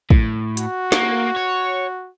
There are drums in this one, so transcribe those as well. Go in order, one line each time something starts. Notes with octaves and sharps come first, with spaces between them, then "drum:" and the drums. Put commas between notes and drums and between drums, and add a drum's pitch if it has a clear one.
A2, drum: kick
F#4, drum: hi-hat
A#3, drum: snare
C#5